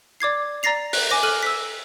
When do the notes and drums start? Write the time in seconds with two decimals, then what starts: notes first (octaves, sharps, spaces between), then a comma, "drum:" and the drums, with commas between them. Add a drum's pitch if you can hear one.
0.20 D5 D6 G#6 C7
0.63 D5 A#5 A6 A#6 C7 F7
0.93 F#6, drum: open hi-hat
1.11 G#5 D6 A#6
1.23 A4 F6 F#6 D#7 F#7
1.43 E6 B6